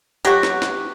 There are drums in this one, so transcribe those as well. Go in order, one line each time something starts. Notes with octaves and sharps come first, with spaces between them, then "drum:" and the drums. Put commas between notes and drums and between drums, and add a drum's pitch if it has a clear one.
F#3 F#4 G4, drum: hi-hat
drum: snare
drum: snare